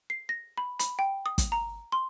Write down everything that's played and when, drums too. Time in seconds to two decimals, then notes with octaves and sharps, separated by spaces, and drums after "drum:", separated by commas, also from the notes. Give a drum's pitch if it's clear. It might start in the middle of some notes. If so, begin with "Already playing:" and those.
0.10 C7
0.29 A#6
0.58 B5
0.79 B5, drum: hi-hat
0.99 G5
1.26 D#6
1.38 drum: kick, hi-hat
1.52 A#5
1.92 C6